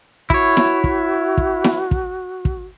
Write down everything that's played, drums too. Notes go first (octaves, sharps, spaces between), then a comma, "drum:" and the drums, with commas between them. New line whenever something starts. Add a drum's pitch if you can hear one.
E4 F#4 C#5, drum: kick
drum: snare E4
drum: kick
drum: kick
drum: snare E4
drum: kick
drum: kick